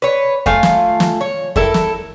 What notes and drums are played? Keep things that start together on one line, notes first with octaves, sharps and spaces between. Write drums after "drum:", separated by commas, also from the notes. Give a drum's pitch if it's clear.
B4 C#5
A3 F4 F5 G#5, drum: kick F2
drum: snare
drum: snare
C#5
E4 A4 A#4, drum: kick F2
drum: snare